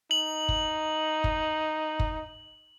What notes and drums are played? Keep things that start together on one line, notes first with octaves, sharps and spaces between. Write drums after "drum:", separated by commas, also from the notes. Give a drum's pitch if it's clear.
D#4 F#7
drum: kick
drum: kick
drum: kick